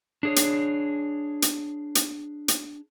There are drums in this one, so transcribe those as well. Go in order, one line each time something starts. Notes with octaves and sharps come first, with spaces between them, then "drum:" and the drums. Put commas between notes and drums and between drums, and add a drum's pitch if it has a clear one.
D4 G#4 C#5
drum: hi-hat
drum: hi-hat
drum: hi-hat
drum: hi-hat